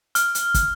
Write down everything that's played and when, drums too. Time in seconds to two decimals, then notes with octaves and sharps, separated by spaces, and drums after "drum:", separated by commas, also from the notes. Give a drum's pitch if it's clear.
0.15 F6, drum: hi-hat
0.35 drum: hi-hat
0.54 drum: kick, hi-hat